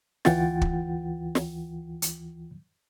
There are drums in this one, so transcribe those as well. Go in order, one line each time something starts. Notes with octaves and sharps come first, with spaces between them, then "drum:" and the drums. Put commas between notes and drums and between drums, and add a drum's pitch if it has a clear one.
D2 E3 F4 F#5 G5 A6, drum: snare
drum: kick
drum: snare
drum: hi-hat